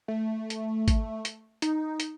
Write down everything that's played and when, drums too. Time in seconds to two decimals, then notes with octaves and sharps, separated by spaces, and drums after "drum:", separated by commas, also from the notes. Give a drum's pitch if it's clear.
0.08 A3
0.50 drum: hi-hat
0.88 drum: kick, hi-hat
1.25 drum: hi-hat
1.62 D#4, drum: hi-hat
2.00 drum: hi-hat